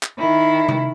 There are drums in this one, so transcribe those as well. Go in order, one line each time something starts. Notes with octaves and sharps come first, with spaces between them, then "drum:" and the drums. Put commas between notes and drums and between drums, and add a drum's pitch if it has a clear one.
drum: clap
D#3 E4
drum: tom C3